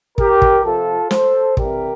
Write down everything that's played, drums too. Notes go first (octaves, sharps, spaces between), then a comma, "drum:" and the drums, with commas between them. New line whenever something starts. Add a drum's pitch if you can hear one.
G4 A#4, drum: kick
drum: kick
C3 F3 F4 A4
A4 C5, drum: snare
C3 E3 G3 G4 A#4, drum: kick